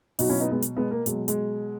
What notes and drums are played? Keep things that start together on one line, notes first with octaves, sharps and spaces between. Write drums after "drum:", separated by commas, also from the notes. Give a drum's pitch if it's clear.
B2 F#3 D#4 F#4, drum: open hi-hat
C#4 E4
B3 D#4
G#3 B3
drum: hi-hat
G#3 B3
A#3
B2 F#3 G#3, drum: hi-hat
G#3, drum: hi-hat